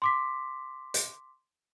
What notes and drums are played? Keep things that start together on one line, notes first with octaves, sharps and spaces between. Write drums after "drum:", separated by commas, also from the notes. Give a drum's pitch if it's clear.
C6 D6 B6
drum: hi-hat